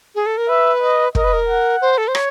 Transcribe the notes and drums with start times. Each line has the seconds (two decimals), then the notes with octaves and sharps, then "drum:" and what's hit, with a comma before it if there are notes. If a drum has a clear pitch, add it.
0.15 G#4
0.26 A4
0.37 A#4
0.49 B4 E5
0.82 D#5
1.15 A#4 D#5, drum: kick
1.24 B4
1.33 A#4
1.48 F#5
1.81 C5
1.98 A4
2.08 C5
2.15 C#5, drum: rim click